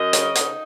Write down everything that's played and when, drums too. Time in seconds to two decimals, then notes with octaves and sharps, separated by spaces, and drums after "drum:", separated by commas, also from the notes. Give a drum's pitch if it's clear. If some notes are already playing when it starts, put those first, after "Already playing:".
Already playing: F#2 D#5
0.13 C#3, drum: hi-hat
0.35 D#4, drum: hi-hat